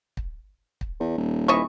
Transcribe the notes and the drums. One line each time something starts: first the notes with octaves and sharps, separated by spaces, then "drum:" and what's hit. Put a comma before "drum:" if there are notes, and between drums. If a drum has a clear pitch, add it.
drum: kick
drum: kick
E2
D#1
E3 D#5 C#6